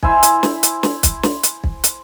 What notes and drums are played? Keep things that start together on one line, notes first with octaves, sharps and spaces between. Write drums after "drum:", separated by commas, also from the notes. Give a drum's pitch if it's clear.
E4 C5 E5 G#5, drum: kick
drum: hi-hat
drum: snare
drum: hi-hat
drum: snare
drum: kick, hi-hat
drum: snare
drum: hi-hat
drum: kick
drum: hi-hat